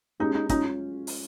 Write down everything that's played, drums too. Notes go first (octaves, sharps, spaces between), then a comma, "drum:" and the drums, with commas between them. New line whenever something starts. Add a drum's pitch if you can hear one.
G#3 C#4 D#4 G4
D#4
G#3 C#4 D#4 F4, drum: kick, hi-hat
drum: open hi-hat